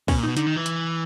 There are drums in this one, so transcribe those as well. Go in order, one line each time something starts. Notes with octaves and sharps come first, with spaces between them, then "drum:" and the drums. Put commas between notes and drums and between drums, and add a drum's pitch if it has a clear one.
B2 C#4, drum: kick, open hi-hat
A#2
D#4
B2
D3 D#4, drum: hi-hat
D#3
E3
drum: hi-hat